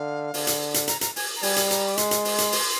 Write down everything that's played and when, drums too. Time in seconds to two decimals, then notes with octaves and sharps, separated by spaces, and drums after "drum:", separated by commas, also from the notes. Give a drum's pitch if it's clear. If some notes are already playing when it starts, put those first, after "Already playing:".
Already playing: D3 F5
0.34 D3, drum: open hi-hat
0.47 drum: hi-hat
0.74 drum: hi-hat
0.88 A#5, drum: hi-hat
1.01 A#5, drum: hi-hat
1.16 G#5, drum: open hi-hat
1.36 A#5
1.43 G3 G#5, drum: open hi-hat
1.56 drum: hi-hat
1.71 A#5, drum: hi-hat
1.88 D6
1.98 G#3 C6, drum: hi-hat
2.11 drum: hi-hat
2.25 drum: open hi-hat
2.38 drum: hi-hat
2.52 drum: open hi-hat